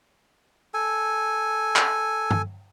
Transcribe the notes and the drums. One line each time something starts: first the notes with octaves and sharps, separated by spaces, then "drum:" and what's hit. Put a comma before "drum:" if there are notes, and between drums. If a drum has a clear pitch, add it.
A4 G#5
drum: clap
drum: tom G2